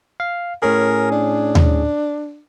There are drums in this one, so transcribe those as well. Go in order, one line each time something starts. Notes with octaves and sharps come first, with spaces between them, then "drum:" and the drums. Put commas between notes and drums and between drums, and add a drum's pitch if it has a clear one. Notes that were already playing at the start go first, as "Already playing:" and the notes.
F5
A2 C#4 G#4 A#4
D4
drum: tom D#2